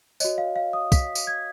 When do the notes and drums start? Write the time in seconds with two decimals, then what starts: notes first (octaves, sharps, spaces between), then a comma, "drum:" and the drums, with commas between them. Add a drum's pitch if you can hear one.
0.20 F#4 C#5 D#5, drum: tambourine
0.38 F5
0.56 F5
0.73 D#6
0.92 B6, drum: kick, tambourine
1.15 drum: tambourine
1.27 G#6